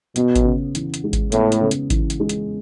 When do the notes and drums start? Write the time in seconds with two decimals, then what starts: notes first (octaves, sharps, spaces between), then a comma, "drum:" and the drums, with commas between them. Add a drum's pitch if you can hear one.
0.16 B2 B3, drum: hi-hat
0.36 drum: kick G#1, hi-hat
0.45 C#3
0.75 E3, drum: hi-hat
0.94 drum: hi-hat
1.04 G#3
1.13 drum: kick G#1, hi-hat
1.32 A2 B3, drum: hi-hat
1.52 drum: hi-hat
1.61 C#3
1.71 drum: hi-hat
1.90 E3, drum: kick G#1, hi-hat
2.10 drum: hi-hat
2.20 G#3
2.29 drum: hi-hat